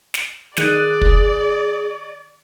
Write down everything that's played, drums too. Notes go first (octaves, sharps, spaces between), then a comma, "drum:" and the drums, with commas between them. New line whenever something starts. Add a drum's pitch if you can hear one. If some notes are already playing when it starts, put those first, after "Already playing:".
drum: snare
D#3 G#4 D5 F#6 D#7, drum: snare
drum: kick